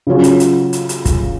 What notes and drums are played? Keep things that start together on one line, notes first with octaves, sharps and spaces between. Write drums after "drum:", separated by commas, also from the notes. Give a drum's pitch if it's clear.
C#3 F#3 C#4 F4
drum: hi-hat
drum: hi-hat
drum: hi-hat
drum: hi-hat
drum: kick, hi-hat